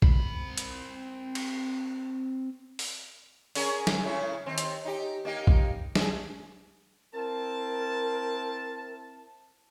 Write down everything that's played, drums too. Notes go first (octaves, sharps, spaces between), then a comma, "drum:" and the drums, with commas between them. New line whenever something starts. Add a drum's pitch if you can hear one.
C4 B5, drum: kick A#1
drum: hi-hat
drum: cymbal
drum: open hi-hat
C#4 G#4 A#4, drum: open hi-hat
drum: snare
A2 C#3 E4
D#2 C4
drum: hi-hat
D#4 G4
A#3 D#4 G4
drum: kick A#1
D4 G#4, drum: snare
C4 E4 A#4 A5